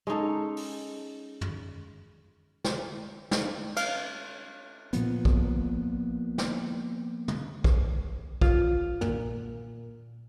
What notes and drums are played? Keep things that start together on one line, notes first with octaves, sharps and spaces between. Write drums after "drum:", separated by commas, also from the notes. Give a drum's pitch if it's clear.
G#3 C#4 D#4 A4
drum: open hi-hat
drum: tom
drum: snare
drum: snare
F5, drum: cymbal
A#2 F3 B3, drum: hi-hat
drum: kick A#1
drum: snare
drum: tom
drum: kick A#1
F4, drum: kick A#1
A#2, drum: tom